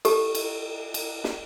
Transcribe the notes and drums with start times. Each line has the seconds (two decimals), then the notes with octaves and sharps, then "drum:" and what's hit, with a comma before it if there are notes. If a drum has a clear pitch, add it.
0.05 G4 A4, drum: cymbal
0.35 drum: cymbal
0.94 drum: cymbal
1.24 drum: snare